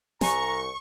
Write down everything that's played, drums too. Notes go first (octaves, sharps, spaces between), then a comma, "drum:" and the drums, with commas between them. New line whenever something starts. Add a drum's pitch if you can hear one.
C2 B4 G#5 A#5 C#6, drum: snare